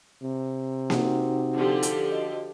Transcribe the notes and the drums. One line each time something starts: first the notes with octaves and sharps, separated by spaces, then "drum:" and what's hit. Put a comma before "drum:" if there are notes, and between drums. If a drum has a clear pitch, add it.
C3
D#4 F#4 F#5, drum: snare A#3
D3 F3 G4
drum: hi-hat
F#4 D#5